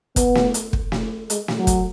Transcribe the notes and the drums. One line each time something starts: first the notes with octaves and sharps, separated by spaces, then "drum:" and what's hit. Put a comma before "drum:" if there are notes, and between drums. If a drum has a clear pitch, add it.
B3, drum: kick, hi-hat
drum: snare
drum: hi-hat
drum: kick
drum: snare
G#3, drum: hi-hat
drum: snare
F#3
drum: kick, hi-hat